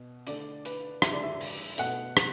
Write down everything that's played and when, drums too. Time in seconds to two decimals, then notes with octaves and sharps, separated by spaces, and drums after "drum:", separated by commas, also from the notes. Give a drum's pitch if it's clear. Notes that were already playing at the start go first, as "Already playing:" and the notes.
Already playing: B2
0.27 D3 A3 D5, drum: hi-hat
0.65 B4, drum: hi-hat
1.02 D3 G#3 E5, drum: rim click
1.12 D5
1.23 E5
1.41 drum: open hi-hat
1.78 B2 A3 F#5, drum: hi-hat
2.17 drum: rim click